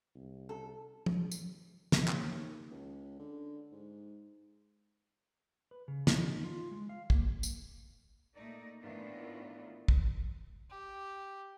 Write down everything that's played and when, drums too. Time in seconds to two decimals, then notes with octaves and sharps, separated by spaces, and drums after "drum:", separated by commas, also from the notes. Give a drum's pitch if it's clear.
0.15 C2
0.49 A4
1.06 drum: tom
1.31 drum: tambourine
1.92 F2, drum: snare
2.08 D#2, drum: clap
2.71 C#2
3.19 D3
3.72 G#2
5.71 B4
5.88 C#3
6.07 D#4, drum: snare
6.44 F4
6.71 G#3
6.89 F5
7.10 A#3, drum: kick
7.43 drum: tambourine
8.35 A#2 A3 D#4 D5
8.82 A2 D#3 E3 B3 D4 F4
9.88 drum: kick
10.70 G4